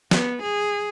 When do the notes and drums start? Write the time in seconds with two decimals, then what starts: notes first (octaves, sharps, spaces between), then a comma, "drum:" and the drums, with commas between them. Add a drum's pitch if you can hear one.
0.11 B3, drum: snare
0.43 G#4